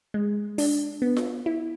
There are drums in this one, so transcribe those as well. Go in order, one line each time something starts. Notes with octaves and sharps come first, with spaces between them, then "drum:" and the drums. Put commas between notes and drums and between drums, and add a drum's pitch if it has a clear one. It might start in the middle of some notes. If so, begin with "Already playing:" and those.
G#3
D4, drum: open hi-hat
B3
drum: snare F4
E4